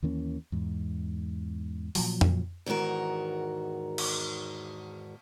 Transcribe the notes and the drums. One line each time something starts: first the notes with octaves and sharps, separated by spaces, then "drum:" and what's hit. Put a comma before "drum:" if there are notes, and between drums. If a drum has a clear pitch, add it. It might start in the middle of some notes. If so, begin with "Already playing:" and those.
D#2 E3 A#3 C#4
E2 G#2
A#2 F3 F#3, drum: open hi-hat
drum: tom F2
E2 G#2 D#3 F#4 A#4
drum: cymbal